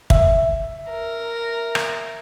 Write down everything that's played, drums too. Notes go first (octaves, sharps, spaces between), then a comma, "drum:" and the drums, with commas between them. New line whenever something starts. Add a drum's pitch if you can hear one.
E5, drum: kick
A#4
drum: rim click